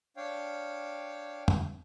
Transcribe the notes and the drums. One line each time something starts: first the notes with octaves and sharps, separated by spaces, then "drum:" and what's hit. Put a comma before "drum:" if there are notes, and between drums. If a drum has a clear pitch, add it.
D4 C#5 F5 G5
drum: tom F2